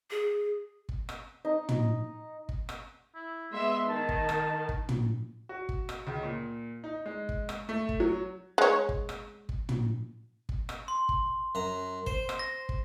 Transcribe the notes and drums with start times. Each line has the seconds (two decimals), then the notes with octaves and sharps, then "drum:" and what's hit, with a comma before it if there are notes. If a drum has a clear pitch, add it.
0.11 G#4
0.89 drum: kick
1.09 drum: rim click
1.45 D#4
1.69 drum: tom
2.49 drum: kick
2.69 drum: rim click
3.15 E4
3.53 G#3 B3 E5 C6
3.89 D#3 A5
4.09 drum: kick
4.29 drum: rim click
4.69 drum: kick
4.89 drum: tom
5.49 F#4
5.69 drum: kick
5.89 drum: rim click
6.07 C#2
6.23 A#2
6.84 D#4
7.06 G#3
7.29 drum: kick
7.49 drum: rim click
7.69 A3
7.89 drum: kick
8.00 F#3
8.58 G#3 C#5
8.89 drum: kick
9.09 drum: rim click
9.49 drum: kick
9.69 drum: tom
10.49 drum: kick
10.69 drum: rim click
10.88 C6
11.09 drum: kick
11.55 F#2 A#5
12.07 C5, drum: kick
12.29 drum: rim click
12.39 A#6
12.69 drum: kick